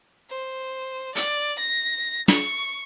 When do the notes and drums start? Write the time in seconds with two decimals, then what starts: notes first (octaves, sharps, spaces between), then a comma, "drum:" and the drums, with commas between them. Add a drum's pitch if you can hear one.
0.30 C5
1.15 D5, drum: hi-hat
1.59 A#6
2.28 C#6, drum: snare